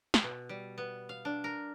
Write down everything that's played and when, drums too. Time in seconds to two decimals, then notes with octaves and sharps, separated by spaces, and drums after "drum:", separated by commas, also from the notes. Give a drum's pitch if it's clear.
0.14 drum: snare
0.23 B2
0.49 G3
0.78 B3
1.09 F5
1.25 D4
1.44 A#4